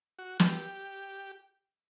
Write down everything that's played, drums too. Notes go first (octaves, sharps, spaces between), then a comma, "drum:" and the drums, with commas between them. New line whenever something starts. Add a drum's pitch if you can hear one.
F#4
G4, drum: snare